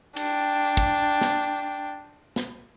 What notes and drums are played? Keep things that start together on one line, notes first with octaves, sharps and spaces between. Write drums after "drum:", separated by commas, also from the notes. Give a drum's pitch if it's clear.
D4 G5, drum: cymbal
drum: kick
drum: snare
drum: snare